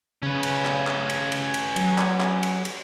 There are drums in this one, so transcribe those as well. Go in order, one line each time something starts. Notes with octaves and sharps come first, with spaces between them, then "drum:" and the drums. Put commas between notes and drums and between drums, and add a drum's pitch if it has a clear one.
C#3 C#4 B4
drum: cymbal
drum: clap
drum: clap
drum: cymbal
drum: cymbal
drum: cymbal
F#3, drum: cymbal
drum: clap
drum: clap
drum: cymbal
drum: cymbal